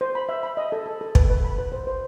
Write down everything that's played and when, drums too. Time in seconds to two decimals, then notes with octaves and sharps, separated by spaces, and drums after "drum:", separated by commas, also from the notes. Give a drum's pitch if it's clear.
0.01 C5
0.15 B5
0.29 E5
0.43 B5
0.57 D#5
0.72 A4
0.86 A4
1.01 A4
1.15 B4, drum: kick
1.30 B4
1.44 B5
1.59 B4
1.72 C5
1.87 C5